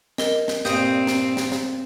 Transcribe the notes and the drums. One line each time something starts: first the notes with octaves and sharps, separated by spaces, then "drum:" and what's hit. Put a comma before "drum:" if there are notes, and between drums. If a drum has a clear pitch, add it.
A#4 D#5, drum: snare
drum: snare
G2 A#2 C4 D#6 G6, drum: snare
drum: snare
drum: snare
drum: snare